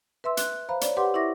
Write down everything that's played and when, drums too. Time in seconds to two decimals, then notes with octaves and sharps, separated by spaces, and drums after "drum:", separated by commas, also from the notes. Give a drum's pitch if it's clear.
0.24 B4 E5 C6 E6
0.37 F#6, drum: hi-hat
0.69 C5 F5 A#5 B5
0.81 C#5 D5, drum: hi-hat
0.97 G4 B4 F#5 C6 D6
1.14 E4 E5 C#6 D6 A#6